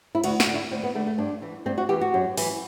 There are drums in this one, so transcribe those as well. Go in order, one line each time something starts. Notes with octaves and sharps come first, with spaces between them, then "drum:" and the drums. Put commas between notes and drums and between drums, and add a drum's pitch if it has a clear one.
E4
D2 F#4, drum: cymbal
F#4, drum: snare
D3
E4
D2 C4
B3
D3 A3
A3
G2 D4
E3
G2 C4
F#4
E3 G4
F#4
F#2
E3, drum: open hi-hat